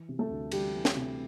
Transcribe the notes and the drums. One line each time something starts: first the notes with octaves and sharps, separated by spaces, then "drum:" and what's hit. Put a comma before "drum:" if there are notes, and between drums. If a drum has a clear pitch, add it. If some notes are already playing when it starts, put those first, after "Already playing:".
Already playing: E3
C3
A3 A4
D2
D2 G3 G4, drum: cymbal
E3
drum: snare
C3